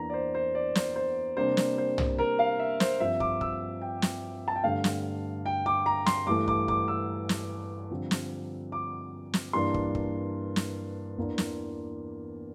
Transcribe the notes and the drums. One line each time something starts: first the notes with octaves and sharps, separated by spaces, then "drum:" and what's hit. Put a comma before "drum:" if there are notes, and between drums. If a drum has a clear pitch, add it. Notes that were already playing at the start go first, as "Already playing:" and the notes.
Already playing: E2 E3 A#3 D4 A#5
D5
C5
C5
D5
C5, drum: snare
C5
C3 G3 A#3 D4 C5
drum: snare
C5
drum: tom
A#4
F5
E5
C5, drum: snare
G2 F3 C4 E5
D6, drum: kick
E6, drum: kick
G5
drum: snare
A5
G5
G2 D3 A3 D4 F5
drum: snare
G5
D6
A#5
C6, drum: snare
G2 E3 A3 D6
D6, drum: kick
D6, drum: kick
E6
drum: snare
G2 D3 F3 C4
drum: snare
D6
drum: snare
G2 E3 A#3 D4 C6
drum: kick
drum: kick
drum: snare
E2 E3 A#3 D4
drum: snare